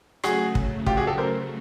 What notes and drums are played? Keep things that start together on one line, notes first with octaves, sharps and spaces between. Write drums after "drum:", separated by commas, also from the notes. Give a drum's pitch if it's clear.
C#3 F#3 A3 F#4 G#4, drum: rim click
drum: kick
F4 G4, drum: kick
F#4 G#4
G4 A4
A#4 C5